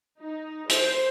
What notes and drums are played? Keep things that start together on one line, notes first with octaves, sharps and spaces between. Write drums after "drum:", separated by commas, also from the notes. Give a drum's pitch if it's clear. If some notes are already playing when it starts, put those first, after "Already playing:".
D#4
C5, drum: hi-hat